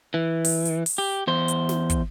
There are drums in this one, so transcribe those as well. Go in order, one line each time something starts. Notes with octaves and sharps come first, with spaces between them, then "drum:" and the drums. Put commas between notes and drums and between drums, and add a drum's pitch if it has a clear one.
E3
drum: open hi-hat
drum: hi-hat
drum: open hi-hat
G4
E2 C5
drum: hi-hat
drum: snare
drum: kick, hi-hat